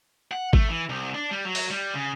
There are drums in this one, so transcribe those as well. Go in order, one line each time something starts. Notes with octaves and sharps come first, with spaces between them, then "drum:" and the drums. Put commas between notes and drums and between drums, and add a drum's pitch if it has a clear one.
F#5
A3, drum: kick G#1
E3
C2
D4
G3
F#3
drum: open hi-hat
G3
C#3